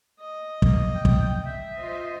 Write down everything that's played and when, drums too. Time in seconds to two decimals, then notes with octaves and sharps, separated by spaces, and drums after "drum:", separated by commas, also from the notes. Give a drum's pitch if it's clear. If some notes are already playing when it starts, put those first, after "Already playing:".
0.19 D#5
0.62 A#3, drum: kick
0.93 G5
1.05 drum: kick
1.44 E5
1.77 F4 C5 D#5